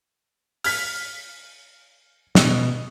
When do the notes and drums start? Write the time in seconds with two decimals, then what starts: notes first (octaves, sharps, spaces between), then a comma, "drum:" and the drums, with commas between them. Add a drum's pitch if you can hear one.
0.64 F6 B6, drum: open hi-hat
2.35 B2, drum: snare